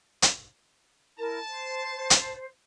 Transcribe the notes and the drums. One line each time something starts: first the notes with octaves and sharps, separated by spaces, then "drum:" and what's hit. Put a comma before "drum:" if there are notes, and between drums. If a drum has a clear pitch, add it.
drum: hi-hat
E4 A#4 A5
C5
drum: hi-hat